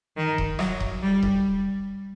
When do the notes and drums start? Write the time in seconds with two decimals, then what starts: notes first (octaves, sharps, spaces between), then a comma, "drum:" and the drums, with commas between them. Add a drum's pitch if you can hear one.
0.17 D#3
0.38 drum: kick D#1
0.59 F#3, drum: rim click
0.80 drum: kick D#1
1.02 G3
1.23 drum: kick D#1